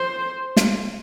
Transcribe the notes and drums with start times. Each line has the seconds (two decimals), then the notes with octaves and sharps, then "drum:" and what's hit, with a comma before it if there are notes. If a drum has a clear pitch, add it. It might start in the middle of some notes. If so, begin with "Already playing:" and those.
Already playing: C5
0.57 drum: snare